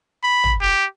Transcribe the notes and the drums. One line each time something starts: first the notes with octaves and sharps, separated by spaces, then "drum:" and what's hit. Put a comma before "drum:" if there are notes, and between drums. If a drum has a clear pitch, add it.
B5
drum: tom
G4